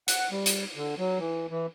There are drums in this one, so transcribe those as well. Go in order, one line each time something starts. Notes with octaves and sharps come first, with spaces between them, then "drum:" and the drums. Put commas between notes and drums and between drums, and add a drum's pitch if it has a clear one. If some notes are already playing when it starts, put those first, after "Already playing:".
F#5, drum: hi-hat
G3
drum: hi-hat
D3
F#3
E3
E3